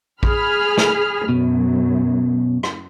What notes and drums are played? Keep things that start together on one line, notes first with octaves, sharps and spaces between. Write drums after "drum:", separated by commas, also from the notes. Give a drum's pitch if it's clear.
G#4 B5 F6, drum: kick A#1
drum: snare
F#2 B2
drum: rim click